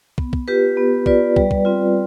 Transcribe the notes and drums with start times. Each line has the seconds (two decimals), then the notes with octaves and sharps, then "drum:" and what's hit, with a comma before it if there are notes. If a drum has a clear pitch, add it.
0.18 B3, drum: kick
0.33 drum: kick
0.48 F4 G4 B4
0.77 B3
1.06 F4 B4 D5, drum: kick
1.36 G3, drum: kick
1.51 drum: kick
1.65 C4 F4